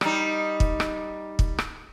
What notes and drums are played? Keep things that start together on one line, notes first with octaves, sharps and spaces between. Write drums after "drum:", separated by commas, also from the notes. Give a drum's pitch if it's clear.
G3 D#4, drum: rim click
drum: kick
drum: rim click
drum: kick
drum: rim click